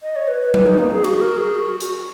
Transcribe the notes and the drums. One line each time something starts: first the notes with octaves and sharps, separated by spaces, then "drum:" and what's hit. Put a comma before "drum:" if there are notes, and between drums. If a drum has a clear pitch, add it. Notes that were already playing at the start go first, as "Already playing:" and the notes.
D#5
C#5
B4
B4
B4, drum: tom F#3
D#4
A#3
G#4
F#4, drum: cymbal
A#4
G#4
F#4
F#4, drum: hi-hat